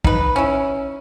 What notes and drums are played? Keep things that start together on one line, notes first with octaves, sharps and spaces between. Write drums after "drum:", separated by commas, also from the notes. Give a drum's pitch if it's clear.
D#4 B4, drum: kick
C#4 E4